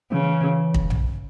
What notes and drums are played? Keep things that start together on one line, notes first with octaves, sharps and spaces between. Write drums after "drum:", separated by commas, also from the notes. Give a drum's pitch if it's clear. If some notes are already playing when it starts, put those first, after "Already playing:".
C#3 E3
drum: kick
drum: tom A#1